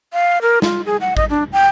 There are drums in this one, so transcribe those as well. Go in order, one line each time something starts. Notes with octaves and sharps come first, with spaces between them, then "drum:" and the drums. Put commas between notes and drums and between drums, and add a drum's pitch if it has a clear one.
F5
A#4
F4, drum: snare
G#4
F#5
D#5, drum: kick
D4
G5